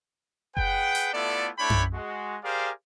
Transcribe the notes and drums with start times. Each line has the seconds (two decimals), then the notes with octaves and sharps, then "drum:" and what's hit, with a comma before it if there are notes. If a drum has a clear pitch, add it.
0.57 G#4 B4 F#5 G5, drum: kick F#1
0.95 drum: hi-hat
1.14 A3 B3 E4 F4 A4 D5
1.59 A3 D4 E4 C#5 G5 B5
1.70 drum: tom F#2
1.94 G#3 F#4
2.44 G4 G#4 A#4 C5 D5 F5